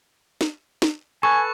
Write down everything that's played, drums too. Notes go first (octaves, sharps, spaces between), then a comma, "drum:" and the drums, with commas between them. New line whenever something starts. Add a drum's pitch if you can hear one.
drum: snare
drum: snare
A4 B4 G#5 C#6